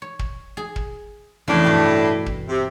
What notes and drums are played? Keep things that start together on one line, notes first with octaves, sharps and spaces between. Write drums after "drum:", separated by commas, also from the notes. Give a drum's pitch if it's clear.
C#5
drum: kick
G#4
drum: kick
F2 A2 C#3 E3 D4
G2 B2 G4
drum: kick
C3